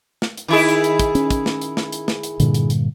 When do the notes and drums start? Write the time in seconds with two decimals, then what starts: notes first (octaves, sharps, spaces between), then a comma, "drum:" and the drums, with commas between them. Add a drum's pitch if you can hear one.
0.22 drum: snare
0.37 drum: hi-hat
0.48 D#3 E4 G#4
0.68 drum: hi-hat
0.84 drum: hi-hat
0.99 drum: kick, hi-hat
1.15 C#4, drum: hi-hat
1.30 drum: kick, hi-hat
1.46 drum: snare
1.61 drum: hi-hat
1.77 drum: snare
1.92 drum: hi-hat
2.08 drum: snare
2.23 drum: hi-hat
2.40 G2 A#2 D3, drum: hi-hat
2.54 drum: hi-hat
2.70 drum: hi-hat